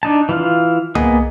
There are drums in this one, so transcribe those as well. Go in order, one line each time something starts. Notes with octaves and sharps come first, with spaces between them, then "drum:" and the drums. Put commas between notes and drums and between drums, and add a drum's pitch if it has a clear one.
D4 D#4 A5
E3 F4 F5
A#3 B3 G#4 D#5, drum: tom